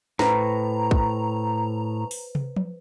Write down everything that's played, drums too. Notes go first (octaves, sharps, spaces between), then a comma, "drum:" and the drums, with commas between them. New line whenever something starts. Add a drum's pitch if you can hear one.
A2 B4 C5 A#5, drum: snare
drum: kick
drum: open hi-hat
drum: tom
drum: tom F3